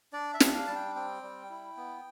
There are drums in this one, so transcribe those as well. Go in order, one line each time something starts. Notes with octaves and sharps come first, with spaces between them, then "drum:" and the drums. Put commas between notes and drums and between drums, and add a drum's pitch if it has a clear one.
D4 D5
E5
D4, drum: snare
F5
G3 A5
G5
C4 G5
G3
E4
B3